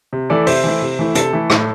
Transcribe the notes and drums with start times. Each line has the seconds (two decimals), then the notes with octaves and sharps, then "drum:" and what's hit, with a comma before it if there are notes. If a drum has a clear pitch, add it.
0.13 C3
0.30 E3 A3 E4 A4 D5
0.47 C3 C5 E5, drum: open hi-hat
0.64 E3 A3 E4
0.82 C3
0.99 E3 A3 E4
1.15 C3 A4, drum: hi-hat
1.33 E3 A3 E4
1.50 A2, drum: rim click